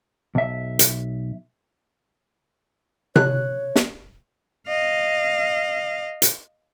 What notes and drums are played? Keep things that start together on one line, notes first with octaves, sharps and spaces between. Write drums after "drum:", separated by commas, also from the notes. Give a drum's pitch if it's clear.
B1 E5
drum: hi-hat
C#5 F#6, drum: tom C3
drum: snare
D#5 F5
drum: hi-hat